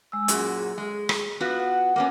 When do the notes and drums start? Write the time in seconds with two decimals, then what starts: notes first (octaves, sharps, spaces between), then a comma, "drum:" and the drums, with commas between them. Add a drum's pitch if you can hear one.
0.12 G#3 E6
0.28 F#2 A#2 F#4 G#4, drum: hi-hat
0.78 G#3
1.09 drum: rim click
1.40 B3 F4 F#4 B4
1.60 F#5
1.96 A#3 B3 C#4